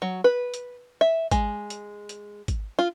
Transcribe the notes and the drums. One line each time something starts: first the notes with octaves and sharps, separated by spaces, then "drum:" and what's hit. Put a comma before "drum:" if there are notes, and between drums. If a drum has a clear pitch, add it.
F#3
B4
drum: hi-hat
E5
G#3, drum: kick G#1, hi-hat
drum: hi-hat
drum: hi-hat
drum: kick G#1, hi-hat
F4